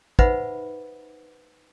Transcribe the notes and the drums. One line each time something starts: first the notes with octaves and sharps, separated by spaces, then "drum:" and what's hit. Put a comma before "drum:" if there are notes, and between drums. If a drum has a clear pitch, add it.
D#4 B4 C5 E5 F#5 B5, drum: kick